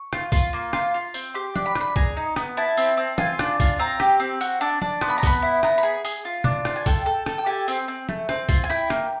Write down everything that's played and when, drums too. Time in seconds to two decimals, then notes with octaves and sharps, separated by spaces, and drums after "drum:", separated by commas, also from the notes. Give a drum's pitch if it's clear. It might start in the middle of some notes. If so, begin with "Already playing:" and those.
Already playing: C#6
0.13 F4, drum: rim click
0.32 F4, drum: kick, tambourine
0.53 A#3
0.73 F4 C6, drum: rim click
0.94 F4
1.14 C4, drum: tambourine
1.34 G4 C6
1.56 D4, drum: tom F3
1.66 B5
1.75 D4, drum: rim click
1.81 B5
1.96 G#4 A#5, drum: kick
2.17 D#4
2.36 B3, drum: rim click
2.57 E4 A5
2.77 C4, drum: tambourine
2.97 C4
3.18 F4 G#5, drum: tom
3.39 D4, drum: rim click
3.60 F4, drum: kick, tambourine
3.79 C4 A#5
4.00 G4, drum: rim click
4.20 C4
4.41 F#4, drum: tambourine
4.61 D4
4.82 D4, drum: tom F3
5.01 B3 C6, drum: rim click
5.10 B5
5.18 A#5
5.23 B3 B5, drum: kick, tambourine
5.42 E4
5.63 B3 A#5, drum: rim click
5.78 B5
5.83 G#4
6.05 G#4, drum: tambourine
6.25 F4
6.44 D4, drum: tom
6.65 F4, drum: rim click
6.76 G#5
6.86 A4 G5, drum: kick, tambourine
7.06 A4
7.26 A4, drum: rim click
7.38 G5
7.46 G4 G#5
7.68 C4, drum: tambourine
7.88 C4
8.09 A3, drum: tom F3
8.29 C4, drum: rim click
8.49 F4, drum: kick, tambourine
8.64 G#5
8.70 E4 G5
8.90 A#3, drum: rim click